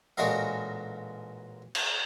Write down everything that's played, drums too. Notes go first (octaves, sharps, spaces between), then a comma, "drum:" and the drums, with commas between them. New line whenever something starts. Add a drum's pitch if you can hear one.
A1 A#2 G#3 F#4 A#4 F5
drum: cymbal